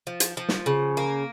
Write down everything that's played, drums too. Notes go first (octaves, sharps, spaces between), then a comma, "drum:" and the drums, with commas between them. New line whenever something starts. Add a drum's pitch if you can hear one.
F3
drum: hi-hat
F3
drum: snare
C#3
A#3